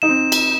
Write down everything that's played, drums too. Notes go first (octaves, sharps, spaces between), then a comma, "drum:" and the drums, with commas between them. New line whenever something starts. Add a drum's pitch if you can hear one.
D#4 E7
C4
drum: cymbal